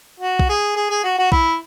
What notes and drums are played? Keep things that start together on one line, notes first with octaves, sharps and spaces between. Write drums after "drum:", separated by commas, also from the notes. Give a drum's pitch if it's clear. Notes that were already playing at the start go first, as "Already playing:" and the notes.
F#4
drum: kick B1
G#4
G#4
G#4
F#4
F#4
E4, drum: kick B1